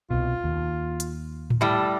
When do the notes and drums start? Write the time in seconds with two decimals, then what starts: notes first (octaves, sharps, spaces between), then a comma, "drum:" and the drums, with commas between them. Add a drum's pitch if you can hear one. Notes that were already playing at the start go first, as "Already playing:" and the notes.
0.10 C2 B2 F4
0.44 D#2
1.00 drum: hi-hat
1.50 drum: tom A2
1.61 A2 G3 A5